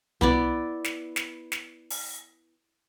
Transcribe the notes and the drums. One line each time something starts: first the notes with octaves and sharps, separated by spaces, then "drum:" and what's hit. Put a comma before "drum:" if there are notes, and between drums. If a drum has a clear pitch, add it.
B3 E4 D5, drum: tom C2
drum: snare
drum: snare
drum: snare
drum: open hi-hat